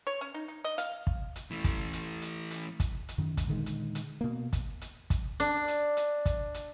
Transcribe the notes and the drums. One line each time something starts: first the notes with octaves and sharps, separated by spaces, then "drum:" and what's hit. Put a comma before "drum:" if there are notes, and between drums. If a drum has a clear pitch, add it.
C#5
C#4
D#4
D#4
D#5
F5, drum: hi-hat
drum: kick
drum: hi-hat
E3 A3
drum: kick, hi-hat
drum: hi-hat
drum: hi-hat
drum: hi-hat
drum: kick, hi-hat
drum: hi-hat
F#2 D#3
drum: kick, hi-hat
A#2 D3 D#3 G#3
drum: hi-hat
drum: hi-hat
B2 A#3
drum: kick, hi-hat
drum: hi-hat
drum: kick, hi-hat
D4, drum: hi-hat
drum: hi-hat
drum: hi-hat
drum: kick, hi-hat
drum: hi-hat